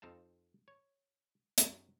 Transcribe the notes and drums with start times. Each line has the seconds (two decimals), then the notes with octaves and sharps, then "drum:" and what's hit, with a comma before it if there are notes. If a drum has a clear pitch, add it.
0.02 F2 C4 D#4 F5 A5
0.68 C#5
1.58 F#2 F#3 D#4 G4 C5, drum: hi-hat